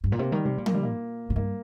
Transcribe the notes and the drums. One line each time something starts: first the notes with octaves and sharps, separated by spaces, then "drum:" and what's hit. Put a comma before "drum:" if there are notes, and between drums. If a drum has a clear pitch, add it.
G2
A#2
C3 A#3
D#3 G3
C3 G3
A#2
A#3, drum: tom
G3
A#3
A#2
G2 A#3